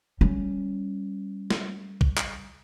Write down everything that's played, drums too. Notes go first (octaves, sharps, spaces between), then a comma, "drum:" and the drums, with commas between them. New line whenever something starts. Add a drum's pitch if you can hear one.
G3 C#4
drum: snare
drum: kick B1
drum: clap